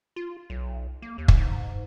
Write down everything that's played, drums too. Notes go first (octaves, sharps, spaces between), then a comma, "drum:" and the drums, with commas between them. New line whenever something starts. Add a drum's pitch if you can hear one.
F4
B1
A#3
D#2
drum: kick
G#2